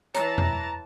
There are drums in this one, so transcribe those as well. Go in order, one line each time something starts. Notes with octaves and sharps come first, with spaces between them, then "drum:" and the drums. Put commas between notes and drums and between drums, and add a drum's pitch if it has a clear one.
E3 C#5 A5 A#5, drum: hi-hat
drum: tom E2